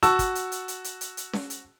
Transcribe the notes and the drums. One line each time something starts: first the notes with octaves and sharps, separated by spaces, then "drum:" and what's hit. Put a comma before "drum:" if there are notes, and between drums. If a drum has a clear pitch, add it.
F#4 A5 C#6 E6, drum: hi-hat
drum: kick, hi-hat
drum: hi-hat
drum: hi-hat
drum: hi-hat
drum: hi-hat
drum: hi-hat
drum: hi-hat
drum: snare C#4
drum: hi-hat